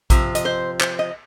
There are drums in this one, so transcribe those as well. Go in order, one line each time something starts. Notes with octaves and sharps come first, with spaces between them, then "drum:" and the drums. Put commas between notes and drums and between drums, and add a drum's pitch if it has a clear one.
C3 F3, drum: kick A#1, hi-hat
D#5, drum: hi-hat
C5
C5, drum: clap
D#5